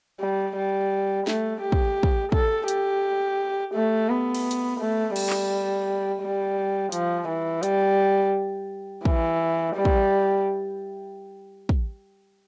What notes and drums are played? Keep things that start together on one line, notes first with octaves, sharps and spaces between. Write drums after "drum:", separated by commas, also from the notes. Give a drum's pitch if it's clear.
G3
G3
A3, drum: snare
G4
drum: kick
drum: kick
A4, drum: kick
G4, drum: hi-hat
A3
B3
drum: cymbal
drum: hi-hat
A3
G3, drum: cymbal
drum: clap
G3
F3, drum: hi-hat
E3
G3, drum: hi-hat
E3, drum: kick
G3
drum: kick
drum: kick